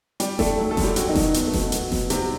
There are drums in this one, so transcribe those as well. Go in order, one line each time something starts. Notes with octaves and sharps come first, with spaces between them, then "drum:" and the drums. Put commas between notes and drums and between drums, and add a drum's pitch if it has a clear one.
G3 G4, drum: hi-hat
G3 A3 A4, drum: snare F1
F#3
A3 A4
F#2, drum: snare F1
G3 G4
B2 F#3 F#4, drum: hi-hat
D#3 D#4
F#3, drum: snare F1
F#3 B3, drum: hi-hat
A3
B2, drum: snare F1
B3
F#3 B3, drum: hi-hat
B2, drum: snare F1
C3 G3 C4, drum: hi-hat